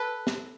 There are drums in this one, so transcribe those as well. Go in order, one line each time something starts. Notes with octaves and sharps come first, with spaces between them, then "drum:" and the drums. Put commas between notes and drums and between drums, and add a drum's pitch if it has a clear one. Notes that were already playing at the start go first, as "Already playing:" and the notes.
Already playing: A4 B4
drum: snare